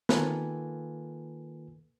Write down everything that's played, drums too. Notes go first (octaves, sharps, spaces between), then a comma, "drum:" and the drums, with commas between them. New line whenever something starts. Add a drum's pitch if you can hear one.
D#3 A#3 F4 A4 B4 G#5, drum: snare